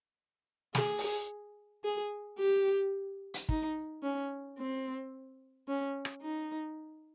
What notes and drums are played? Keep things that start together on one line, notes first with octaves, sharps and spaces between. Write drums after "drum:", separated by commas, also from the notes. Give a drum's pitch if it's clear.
G#4, drum: snare
drum: open hi-hat
G#4
G4
drum: hi-hat
D#4, drum: kick
C#4
C4
C#4
drum: rim click
D#4